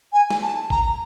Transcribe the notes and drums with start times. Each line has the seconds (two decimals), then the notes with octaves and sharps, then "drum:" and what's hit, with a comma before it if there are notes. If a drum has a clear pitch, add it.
0.12 G#5
0.30 drum: snare
0.42 A5
0.70 A#5, drum: kick A1